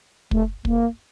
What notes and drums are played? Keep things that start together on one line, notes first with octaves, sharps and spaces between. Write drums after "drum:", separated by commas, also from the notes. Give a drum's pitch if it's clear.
A3, drum: kick
A#3, drum: kick